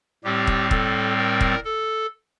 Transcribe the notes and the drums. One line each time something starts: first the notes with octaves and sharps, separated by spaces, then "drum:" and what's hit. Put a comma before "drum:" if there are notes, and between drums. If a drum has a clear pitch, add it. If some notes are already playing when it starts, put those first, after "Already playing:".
A2 G3 C4 G4
drum: kick
A4, drum: kick
A#4
drum: kick
A4